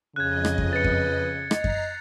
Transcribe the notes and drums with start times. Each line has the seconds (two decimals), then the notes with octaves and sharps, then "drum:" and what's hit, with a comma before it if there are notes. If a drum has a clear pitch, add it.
0.16 F2 C#3 D#5 F#6 G#6
0.45 drum: rim click
0.58 drum: kick F#2
0.73 B4 A6 C#7
0.84 drum: kick F#2
1.51 D#5 A#5 C7, drum: rim click
1.64 drum: kick F#2